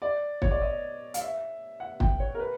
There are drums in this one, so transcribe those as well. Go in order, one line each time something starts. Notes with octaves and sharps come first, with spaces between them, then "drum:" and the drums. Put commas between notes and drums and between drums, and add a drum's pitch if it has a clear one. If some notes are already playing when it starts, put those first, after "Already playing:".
D5
C#5, drum: kick
D5
D#5
F5, drum: hi-hat
E5
F#5
G5, drum: kick
C#5
A#4
B4